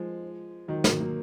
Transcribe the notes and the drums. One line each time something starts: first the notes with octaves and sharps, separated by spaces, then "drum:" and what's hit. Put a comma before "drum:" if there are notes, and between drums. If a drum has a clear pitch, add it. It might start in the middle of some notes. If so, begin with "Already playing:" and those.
Already playing: F3 G#3
D#3 F#3
F#3 A#3, drum: snare
F#3 A#3